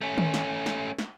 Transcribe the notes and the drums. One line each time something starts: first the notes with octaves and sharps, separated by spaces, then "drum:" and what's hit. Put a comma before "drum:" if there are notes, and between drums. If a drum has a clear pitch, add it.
A3 C#4
drum: tom D#3
drum: snare
drum: snare
drum: snare